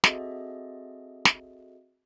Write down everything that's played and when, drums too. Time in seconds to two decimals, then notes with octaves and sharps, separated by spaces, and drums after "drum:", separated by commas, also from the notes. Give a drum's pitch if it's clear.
0.04 C4 F#4 G#4 A4 D#5 E5, drum: snare
1.25 drum: snare